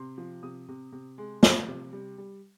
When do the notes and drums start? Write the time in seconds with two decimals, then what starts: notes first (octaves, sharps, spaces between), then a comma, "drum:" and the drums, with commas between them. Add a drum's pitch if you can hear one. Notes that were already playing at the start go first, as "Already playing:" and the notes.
Already playing: C3 C6
0.18 F3
0.43 C3 D#6
0.69 C3
0.92 C3
1.18 G#3
1.43 F3, drum: snare
1.68 C3
1.93 G3
2.18 G3